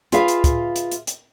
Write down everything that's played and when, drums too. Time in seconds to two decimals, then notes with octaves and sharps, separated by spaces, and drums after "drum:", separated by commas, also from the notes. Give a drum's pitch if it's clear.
0.12 F4 G#4 B4 E5 F5, drum: hi-hat
0.28 drum: hi-hat
0.44 drum: kick, hi-hat
0.76 drum: hi-hat
0.92 drum: hi-hat
1.07 drum: hi-hat